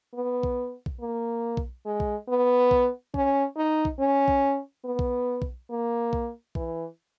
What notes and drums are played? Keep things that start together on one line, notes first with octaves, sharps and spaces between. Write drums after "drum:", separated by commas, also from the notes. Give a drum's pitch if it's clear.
B3
drum: kick B1
drum: kick B1
A#3
drum: kick B1
G#3
drum: kick B1
B3
drum: kick B1
C#4, drum: kick B1
D#4
drum: kick B1
C#4
drum: kick B1
B3
drum: kick B1
drum: kick B1
A#3
drum: kick B1
E3, drum: kick B1